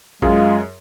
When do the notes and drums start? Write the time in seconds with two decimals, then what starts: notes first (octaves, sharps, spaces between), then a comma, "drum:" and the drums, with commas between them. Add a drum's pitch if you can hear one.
0.22 F#2 G#3 F4 G#4, drum: kick